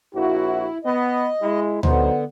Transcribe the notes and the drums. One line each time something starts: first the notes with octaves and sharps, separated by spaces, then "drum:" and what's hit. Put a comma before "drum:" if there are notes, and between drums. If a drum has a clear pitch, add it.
A#1 F3 E4 F#4
B3 D#5
G#3 E4
D3 F#3 B3 D#4 C5, drum: tom D2